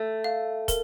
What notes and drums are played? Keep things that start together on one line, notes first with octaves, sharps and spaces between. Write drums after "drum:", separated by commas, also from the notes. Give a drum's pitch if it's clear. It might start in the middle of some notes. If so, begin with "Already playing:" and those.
Already playing: A3
F5
A#4, drum: kick, hi-hat